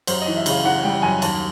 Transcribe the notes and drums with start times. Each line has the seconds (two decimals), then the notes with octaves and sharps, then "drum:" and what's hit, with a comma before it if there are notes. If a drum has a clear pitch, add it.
0.07 F#2 C5, drum: cymbal
0.22 D#5
0.27 E3
0.36 E5
0.46 C#3 F5, drum: cymbal
0.65 E3 F#5
0.83 G3 G5
1.02 F#2 G#5
1.22 D#2 A5, drum: cymbal